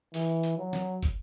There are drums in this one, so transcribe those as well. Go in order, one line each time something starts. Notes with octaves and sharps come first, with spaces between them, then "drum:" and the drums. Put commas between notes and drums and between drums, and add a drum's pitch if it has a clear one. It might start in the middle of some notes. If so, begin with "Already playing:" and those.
E3, drum: open hi-hat
drum: hi-hat
F#3
drum: snare
drum: kick, hi-hat